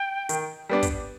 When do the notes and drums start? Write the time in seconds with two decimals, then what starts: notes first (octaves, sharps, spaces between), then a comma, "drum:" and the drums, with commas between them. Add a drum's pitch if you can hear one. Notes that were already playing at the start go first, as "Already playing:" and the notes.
Already playing: G5
0.29 D#3, drum: hi-hat
0.69 G3 B3 D4
0.83 drum: kick, hi-hat